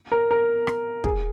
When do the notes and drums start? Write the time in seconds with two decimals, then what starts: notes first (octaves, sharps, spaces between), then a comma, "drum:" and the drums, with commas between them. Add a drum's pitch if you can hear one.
0.12 A#4
0.31 A#4
0.67 drum: rim click
1.04 G#4, drum: kick